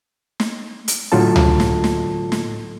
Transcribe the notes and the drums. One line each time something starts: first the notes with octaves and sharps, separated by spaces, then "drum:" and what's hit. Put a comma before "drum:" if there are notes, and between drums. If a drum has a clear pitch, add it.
drum: snare
drum: hi-hat
A2 D3 F#3 F4 A4 A5
drum: tom C#2
drum: snare
drum: snare
drum: snare